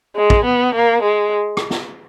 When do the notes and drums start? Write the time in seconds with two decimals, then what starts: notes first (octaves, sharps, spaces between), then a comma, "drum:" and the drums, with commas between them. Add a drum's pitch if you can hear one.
0.15 G#3
0.30 drum: kick
0.45 B3
0.74 A#3
1.02 G#3
1.57 drum: rim click
1.71 drum: snare